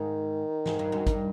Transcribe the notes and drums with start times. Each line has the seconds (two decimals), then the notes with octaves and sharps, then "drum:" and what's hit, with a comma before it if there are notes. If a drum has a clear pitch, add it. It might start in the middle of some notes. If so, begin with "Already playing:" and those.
Already playing: G#2 D#3
0.66 G#2, drum: snare
0.79 G2
0.92 F#2
1.07 G2, drum: kick, hi-hat